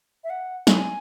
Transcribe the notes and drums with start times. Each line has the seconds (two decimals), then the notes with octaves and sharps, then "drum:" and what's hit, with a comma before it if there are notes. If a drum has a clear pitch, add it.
0.24 E5
0.30 F#5
0.67 G#5, drum: snare